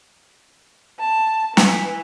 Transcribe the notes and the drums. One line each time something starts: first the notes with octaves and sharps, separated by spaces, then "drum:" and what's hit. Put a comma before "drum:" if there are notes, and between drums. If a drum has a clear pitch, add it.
A5
E3, drum: snare